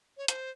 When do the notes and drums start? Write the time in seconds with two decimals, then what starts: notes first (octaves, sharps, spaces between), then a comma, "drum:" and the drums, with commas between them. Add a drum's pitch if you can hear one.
0.17 C#5
0.28 C5, drum: hi-hat